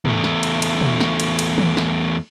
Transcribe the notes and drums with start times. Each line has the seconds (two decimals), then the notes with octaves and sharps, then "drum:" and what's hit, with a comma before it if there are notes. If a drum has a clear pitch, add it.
0.05 E2 A3, drum: tom
0.24 drum: snare
0.43 drum: cymbal
0.62 drum: cymbal
0.81 drum: tom
1.00 drum: snare
1.20 drum: cymbal
1.39 drum: cymbal
1.58 drum: tom
1.77 drum: snare